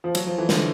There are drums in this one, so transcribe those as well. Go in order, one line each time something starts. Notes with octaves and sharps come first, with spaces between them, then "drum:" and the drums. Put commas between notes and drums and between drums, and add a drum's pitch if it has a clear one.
F3
F#3, drum: cymbal
F3
E3
D3, drum: snare